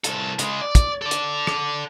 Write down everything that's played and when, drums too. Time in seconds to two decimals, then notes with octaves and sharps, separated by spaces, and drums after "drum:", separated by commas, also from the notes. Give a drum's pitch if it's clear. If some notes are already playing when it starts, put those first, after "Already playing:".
0.04 C2 A4, drum: hi-hat
0.39 C#3 G#3, drum: hi-hat
0.61 D5
0.75 drum: kick, hi-hat
1.02 A4 D5
1.11 drum: hi-hat
1.47 drum: rim click